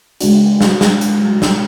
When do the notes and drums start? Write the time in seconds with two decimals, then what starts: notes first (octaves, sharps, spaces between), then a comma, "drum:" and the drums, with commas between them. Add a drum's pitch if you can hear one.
0.21 C#3 G#3 D4 F#4, drum: hi-hat
0.61 drum: snare
0.81 drum: snare
1.01 drum: hi-hat
1.42 drum: snare